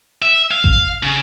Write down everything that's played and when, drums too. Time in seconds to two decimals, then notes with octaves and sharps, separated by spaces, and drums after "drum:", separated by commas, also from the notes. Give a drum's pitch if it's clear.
0.22 E5
0.51 F5
0.64 drum: kick A1
1.03 C#3